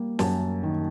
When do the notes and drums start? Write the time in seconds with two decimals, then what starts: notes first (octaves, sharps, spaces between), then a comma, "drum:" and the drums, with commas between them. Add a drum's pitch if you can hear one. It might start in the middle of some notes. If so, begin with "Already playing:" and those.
Already playing: G3 A#3
0.19 F#2 A5, drum: snare
0.63 D#3